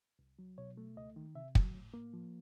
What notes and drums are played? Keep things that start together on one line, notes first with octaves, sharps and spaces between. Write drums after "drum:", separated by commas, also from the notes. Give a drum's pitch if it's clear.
C2
F#3
B2 C#5
A3
C#2 D#5
D#3
C3 E5
F#3, drum: kick
A2
A#3
F3